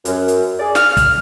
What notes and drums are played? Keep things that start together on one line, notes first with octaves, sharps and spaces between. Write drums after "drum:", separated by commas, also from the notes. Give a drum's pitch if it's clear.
F#2, drum: hi-hat
drum: hi-hat
G#4 D5
F6, drum: snare
drum: kick, hi-hat